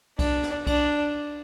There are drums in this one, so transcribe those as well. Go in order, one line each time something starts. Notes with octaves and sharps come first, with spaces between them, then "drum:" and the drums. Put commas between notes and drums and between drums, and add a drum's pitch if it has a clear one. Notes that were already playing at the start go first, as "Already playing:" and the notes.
D4, drum: kick C2, cymbal
drum: snare
D4, drum: kick C2, cymbal